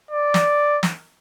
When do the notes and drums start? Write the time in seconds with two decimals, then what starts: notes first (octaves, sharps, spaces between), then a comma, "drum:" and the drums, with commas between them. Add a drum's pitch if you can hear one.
0.11 D5
0.34 drum: snare
0.83 drum: snare